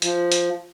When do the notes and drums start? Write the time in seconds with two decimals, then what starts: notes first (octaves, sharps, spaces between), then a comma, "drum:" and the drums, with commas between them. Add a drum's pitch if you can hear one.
0.02 F3, drum: hi-hat
0.32 drum: hi-hat